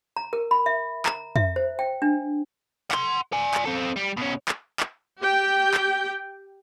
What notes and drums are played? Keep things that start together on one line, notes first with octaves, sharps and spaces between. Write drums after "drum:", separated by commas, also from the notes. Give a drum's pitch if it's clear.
A#5
A#4
B5
E5
A#5, drum: clap
E5, drum: tom
C5
G5
D4
F#5 C6, drum: clap
D5 G#5
drum: clap
C4 A4
G3
B2 C#4
drum: clap
drum: clap
G4 G5
drum: clap